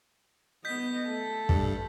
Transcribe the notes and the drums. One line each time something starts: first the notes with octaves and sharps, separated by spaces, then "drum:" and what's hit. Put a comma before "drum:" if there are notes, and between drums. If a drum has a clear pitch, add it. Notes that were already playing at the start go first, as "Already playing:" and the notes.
B3 D#5 G6 B6
A3 A4
G2, drum: kick